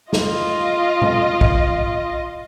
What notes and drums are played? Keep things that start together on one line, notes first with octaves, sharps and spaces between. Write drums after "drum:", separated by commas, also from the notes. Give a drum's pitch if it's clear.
F4 D#5, drum: snare
drum: tom A#2
drum: kick